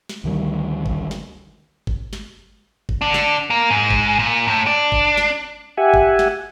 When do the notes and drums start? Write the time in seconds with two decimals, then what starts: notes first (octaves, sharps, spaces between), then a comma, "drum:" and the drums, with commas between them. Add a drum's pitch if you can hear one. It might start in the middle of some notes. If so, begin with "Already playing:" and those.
0.09 drum: snare
0.24 D2 C3 D#3 G3
0.86 drum: kick G1
1.11 drum: snare
1.87 drum: kick G1
2.13 drum: snare
2.89 drum: kick G1
3.01 D3 D4
3.14 drum: snare
3.50 A#3
3.70 G#2
3.90 drum: kick G1
4.19 A#2
4.47 A2
4.67 D4
4.92 drum: kick G1
5.17 drum: snare
5.77 G4 E5 F#5 G#5
5.94 drum: kick G1
6.19 drum: snare